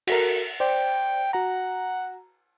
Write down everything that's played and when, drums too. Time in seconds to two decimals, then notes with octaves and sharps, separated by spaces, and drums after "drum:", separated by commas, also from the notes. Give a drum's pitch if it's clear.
0.07 F#4 A4 A#4, drum: cymbal
0.60 C5 D5 G5
1.33 F#4 F#5 A#5